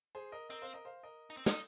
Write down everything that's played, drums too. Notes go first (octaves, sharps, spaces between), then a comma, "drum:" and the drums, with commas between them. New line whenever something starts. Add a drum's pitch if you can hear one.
G#4 C5
A#4 D#5
C4 A#4 D#5
C5 F5
A#4 D#5
C5 F5
A#4 D#5
D#4
C4
D#4, drum: snare